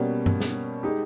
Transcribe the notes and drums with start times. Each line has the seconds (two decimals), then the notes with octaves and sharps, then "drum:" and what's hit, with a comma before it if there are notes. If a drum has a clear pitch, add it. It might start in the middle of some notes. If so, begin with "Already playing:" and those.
Already playing: B2 G3 A#3 C#4 G4
0.26 drum: tom G2
0.40 drum: snare
0.83 G#3 D#4 G4